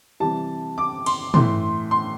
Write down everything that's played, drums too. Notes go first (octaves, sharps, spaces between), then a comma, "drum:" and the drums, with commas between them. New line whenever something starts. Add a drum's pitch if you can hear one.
C3 E3 G3 A5
D6
C6, drum: cymbal
A2 E3 A3 C6, drum: tom
C6